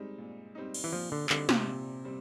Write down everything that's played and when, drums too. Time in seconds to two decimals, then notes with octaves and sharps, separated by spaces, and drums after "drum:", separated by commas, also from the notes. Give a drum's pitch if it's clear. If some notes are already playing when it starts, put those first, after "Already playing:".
Already playing: G3 G#3 C4 D#4
0.18 A#2
0.55 G3 C4 D#4
0.74 drum: cymbal
0.84 E3
0.93 A#2 F3
1.12 D3
1.30 D3 G3 C4 D#4, drum: clap
1.49 C3, drum: snare
1.67 A#2
2.05 G3 C4